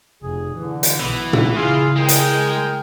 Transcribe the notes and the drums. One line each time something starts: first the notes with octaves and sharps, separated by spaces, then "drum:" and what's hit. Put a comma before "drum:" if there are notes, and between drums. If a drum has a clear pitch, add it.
F1 G#4
D3 E3
drum: hi-hat
B1 E3 B3
drum: tom
C#3 E4 F4 G#4
G#3 G#4 A#4 G5
drum: hi-hat